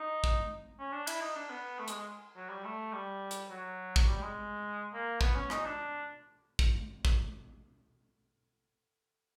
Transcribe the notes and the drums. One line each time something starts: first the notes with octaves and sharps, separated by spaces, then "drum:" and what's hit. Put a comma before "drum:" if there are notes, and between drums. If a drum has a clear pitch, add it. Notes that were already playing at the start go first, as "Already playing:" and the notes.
Already playing: D#4
drum: kick
C#4
D4
E4, drum: cymbal
D#4
D4
B3
A3
G#3, drum: hi-hat
G#3
F#3
G3
A3
G3
drum: hi-hat
F#3
drum: kick
G3
G#3
A#3
B3, drum: kick
C#4
D#4, drum: rim click
D4
drum: kick
drum: kick